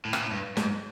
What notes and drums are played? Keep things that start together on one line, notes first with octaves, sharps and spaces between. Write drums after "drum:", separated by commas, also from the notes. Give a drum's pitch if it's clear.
A2
A#2, drum: rim click
A2
G2
G#2, drum: snare